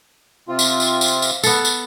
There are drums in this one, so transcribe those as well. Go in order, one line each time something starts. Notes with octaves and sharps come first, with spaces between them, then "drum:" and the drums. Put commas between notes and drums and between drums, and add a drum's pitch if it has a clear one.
C3 C4 F4
drum: tambourine
drum: tambourine
drum: tambourine
drum: tambourine
B3 A4, drum: tambourine
drum: tambourine